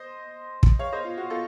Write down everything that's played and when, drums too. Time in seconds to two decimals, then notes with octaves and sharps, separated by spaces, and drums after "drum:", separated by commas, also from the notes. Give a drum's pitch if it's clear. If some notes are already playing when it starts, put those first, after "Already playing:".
Already playing: C5 D#5
0.63 drum: kick
0.79 C#5 F5
0.92 C5 D#5
1.05 F4
1.17 F#4
1.30 F4 A4